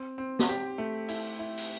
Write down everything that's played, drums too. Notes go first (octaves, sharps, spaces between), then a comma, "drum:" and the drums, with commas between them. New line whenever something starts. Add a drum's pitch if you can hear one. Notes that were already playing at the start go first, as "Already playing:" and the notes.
Already playing: C4
C4
drum: snare
G4
A3
E4, drum: open hi-hat
E4
drum: open hi-hat